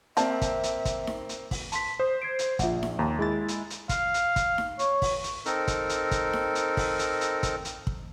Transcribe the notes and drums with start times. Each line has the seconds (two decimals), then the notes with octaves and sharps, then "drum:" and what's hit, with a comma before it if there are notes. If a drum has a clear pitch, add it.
0.17 A#3 C4 C5 D5 E5 A5, drum: hi-hat
0.42 drum: kick, hi-hat
0.63 drum: hi-hat
0.85 drum: kick, hi-hat
1.07 drum: snare D#4
1.29 drum: hi-hat
1.51 drum: kick, open hi-hat
1.72 A5 C6 B6, drum: hi-hat
2.00 C5 D#6
2.22 G#6 C7 D7
2.39 drum: hi-hat
2.59 A#1 F4 E5 F#5, drum: kick, hi-hat
2.83 drum: snare D#4
2.99 D#2 A#5
3.19 G#3 E4 A6
3.48 drum: hi-hat
3.70 drum: hi-hat
3.89 F5, drum: kick, hi-hat
4.14 drum: hi-hat
4.36 drum: kick, hi-hat
4.58 drum: snare D#4
4.79 C#5, drum: hi-hat
5.02 drum: kick, open hi-hat
5.24 drum: hi-hat
5.46 C4 D#4 A4 A#4, drum: hi-hat
5.68 drum: kick, hi-hat
5.89 drum: hi-hat
6.11 drum: kick, hi-hat
6.33 drum: snare D#4
6.55 drum: hi-hat
6.77 drum: kick, open hi-hat
6.99 drum: hi-hat
7.21 drum: hi-hat
7.43 drum: kick, hi-hat
7.65 drum: hi-hat
7.87 drum: kick